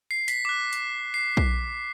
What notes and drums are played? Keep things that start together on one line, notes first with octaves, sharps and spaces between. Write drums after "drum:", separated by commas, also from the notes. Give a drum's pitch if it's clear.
C7
B6, drum: hi-hat
D6 F#6 B6
drum: hi-hat
C7
drum: kick B1